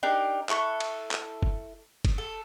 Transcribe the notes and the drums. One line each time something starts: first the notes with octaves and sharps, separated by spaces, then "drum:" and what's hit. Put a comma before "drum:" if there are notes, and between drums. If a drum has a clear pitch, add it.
D4 D#4 G4 A#4
E4 A4 C#6 F#6, drum: clap
drum: cymbal
drum: clap
drum: kick F#1
drum: kick F#1, cymbal
A4